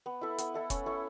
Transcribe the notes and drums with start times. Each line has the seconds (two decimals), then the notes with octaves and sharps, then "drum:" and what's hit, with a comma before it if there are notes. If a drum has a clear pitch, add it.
0.06 B3
0.21 E4 A4 E5
0.38 B3, drum: hi-hat
0.54 E4 A4 E5
0.70 C#4, drum: kick F1, hi-hat
0.86 E4 A4 C#5